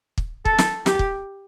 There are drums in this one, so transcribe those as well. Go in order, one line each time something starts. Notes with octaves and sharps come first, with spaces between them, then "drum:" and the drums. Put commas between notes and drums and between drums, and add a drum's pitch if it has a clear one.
drum: kick
A4, drum: kick
drum: snare
G4, drum: snare
drum: kick